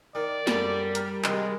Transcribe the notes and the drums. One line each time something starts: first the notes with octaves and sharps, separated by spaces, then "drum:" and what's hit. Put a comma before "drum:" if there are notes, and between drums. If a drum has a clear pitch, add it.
D#3 D5
F#2 G3 A3, drum: snare
A#4, drum: hi-hat
C3 D#3 G#3, drum: clap